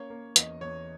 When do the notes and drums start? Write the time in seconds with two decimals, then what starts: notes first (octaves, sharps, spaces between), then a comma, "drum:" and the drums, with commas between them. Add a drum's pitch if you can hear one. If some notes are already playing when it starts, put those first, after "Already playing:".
Already playing: A#3 C#4 C#5
0.10 A#3
0.36 E2 D#5, drum: hi-hat
0.61 E2 C#5